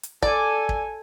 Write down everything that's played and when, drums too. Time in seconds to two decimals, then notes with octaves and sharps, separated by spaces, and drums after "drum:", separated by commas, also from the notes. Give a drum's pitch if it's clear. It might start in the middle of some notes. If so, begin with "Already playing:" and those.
0.03 drum: hi-hat
0.22 A4 D5 G#5, drum: kick
0.69 drum: kick